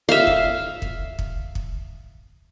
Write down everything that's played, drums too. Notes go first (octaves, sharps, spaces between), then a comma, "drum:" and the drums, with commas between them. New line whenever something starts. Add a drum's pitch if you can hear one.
E5 F5
drum: kick
drum: kick
drum: kick
drum: kick